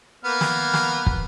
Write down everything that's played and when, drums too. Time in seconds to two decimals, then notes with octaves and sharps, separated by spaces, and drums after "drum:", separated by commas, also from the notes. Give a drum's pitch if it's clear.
0.24 A#3 B3 F6
0.41 drum: snare
0.74 drum: snare
1.06 drum: kick